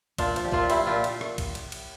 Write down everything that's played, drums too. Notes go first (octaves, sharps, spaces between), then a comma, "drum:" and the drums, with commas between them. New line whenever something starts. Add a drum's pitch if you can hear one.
A#2 D4 F4, drum: kick A#1, cymbal
F3, drum: cymbal
G4
A#2 D4 F4, drum: kick A#1
F3 E4 G4, drum: cymbal
A#2 D4 F4
drum: cymbal
drum: rim click
drum: kick A#1, cymbal
drum: cymbal
drum: cymbal